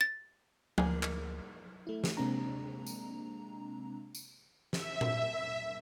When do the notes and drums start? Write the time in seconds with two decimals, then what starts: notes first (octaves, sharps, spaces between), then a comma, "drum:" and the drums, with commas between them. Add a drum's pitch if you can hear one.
0.01 A6
0.78 D2 A#3 G#4, drum: tom F3
1.03 drum: clap
1.87 A3 E4
2.04 drum: snare
2.17 C3 G#3 A#3 C4 D4 A#5
2.86 drum: tambourine
4.15 drum: tambourine
4.73 E5, drum: snare
5.01 drum: tom A#2